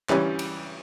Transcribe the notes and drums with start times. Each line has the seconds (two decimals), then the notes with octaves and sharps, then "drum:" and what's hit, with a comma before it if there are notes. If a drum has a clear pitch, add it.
0.09 E3 G3 C#4, drum: clap
0.39 drum: cymbal